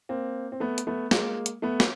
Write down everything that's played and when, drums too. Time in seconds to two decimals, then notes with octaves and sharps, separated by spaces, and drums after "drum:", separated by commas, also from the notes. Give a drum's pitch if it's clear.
0.09 A#3 C4
0.52 C4
0.60 A3 B3
0.78 drum: hi-hat
0.87 A3 B3
1.11 G#3 A#3, drum: snare
1.46 drum: hi-hat
1.62 A3 B3
1.80 drum: snare